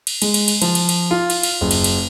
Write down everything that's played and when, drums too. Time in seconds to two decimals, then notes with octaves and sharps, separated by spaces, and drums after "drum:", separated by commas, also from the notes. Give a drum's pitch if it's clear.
0.07 drum: cymbal
0.22 G#3, drum: cymbal
0.34 drum: cymbal
0.48 drum: cymbal
0.62 F3, drum: cymbal
0.75 drum: cymbal
0.89 drum: cymbal
1.11 F4
1.30 drum: cymbal
1.43 drum: cymbal
1.61 F#1
1.71 drum: cymbal
1.84 drum: cymbal